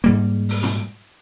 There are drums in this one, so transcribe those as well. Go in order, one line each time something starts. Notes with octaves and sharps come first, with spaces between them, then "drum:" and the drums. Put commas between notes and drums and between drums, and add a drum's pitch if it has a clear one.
G#2 G3 A#3
drum: open hi-hat
drum: tom